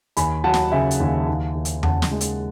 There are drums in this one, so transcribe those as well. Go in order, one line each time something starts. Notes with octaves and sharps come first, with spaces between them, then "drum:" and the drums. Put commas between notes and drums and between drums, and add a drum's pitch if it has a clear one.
D#2 G#5 B5, drum: hi-hat
F#3 F#5 A5
drum: snare
C#3 E5 G#5
drum: hi-hat
D#2
D#2
D#2
drum: hi-hat
C#3 F#5 A5, drum: tom E2
drum: snare
G#3
drum: hi-hat